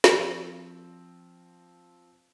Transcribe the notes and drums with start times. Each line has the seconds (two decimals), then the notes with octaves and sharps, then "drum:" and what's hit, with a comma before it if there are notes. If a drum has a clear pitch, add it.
0.04 F3 C4, drum: snare